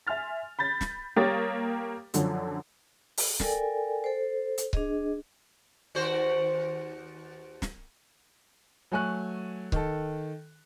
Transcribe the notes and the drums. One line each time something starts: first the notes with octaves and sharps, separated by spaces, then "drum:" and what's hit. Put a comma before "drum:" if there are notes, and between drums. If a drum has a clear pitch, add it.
E5 G#5 C6 F6 A6
B5 G6 A6
drum: snare
G3 A#3 G4 C#5 D#6 A6
F#2 D3 F3 F#3, drum: hi-hat
drum: open hi-hat
A4 A#4 D5 G5 G#5, drum: snare
A4 C5
drum: hi-hat
D4 G#4 D#5, drum: kick C#1
D#2 F#4 C5
drum: snare
F#3 A3 G#5 C#6 F#6
D#3 A4, drum: kick C#1